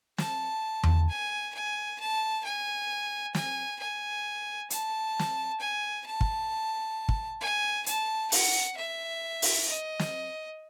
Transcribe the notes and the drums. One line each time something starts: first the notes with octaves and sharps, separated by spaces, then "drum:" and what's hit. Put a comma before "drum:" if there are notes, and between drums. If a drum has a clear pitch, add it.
A5, drum: snare
drum: tom E2
G#5
G#5
A5
G#5
G#5, drum: snare
G#5
A5, drum: hi-hat
drum: snare
G#5
A5
drum: kick
drum: kick
G#5
A5, drum: hi-hat
F#5, drum: open hi-hat
E5
drum: open hi-hat
D#5
drum: snare